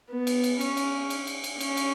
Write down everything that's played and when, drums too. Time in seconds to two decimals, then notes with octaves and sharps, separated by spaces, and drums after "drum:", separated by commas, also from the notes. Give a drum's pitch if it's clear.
0.10 B3
0.27 drum: cymbal
0.44 drum: cymbal
0.61 C#4, drum: cymbal
0.77 drum: cymbal
1.10 drum: cymbal
1.27 drum: cymbal
1.44 drum: cymbal
1.60 C#4, drum: cymbal
1.77 drum: cymbal